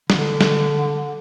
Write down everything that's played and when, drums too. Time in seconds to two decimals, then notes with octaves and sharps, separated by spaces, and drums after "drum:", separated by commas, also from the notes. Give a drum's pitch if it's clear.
0.10 D3, drum: snare
0.41 drum: snare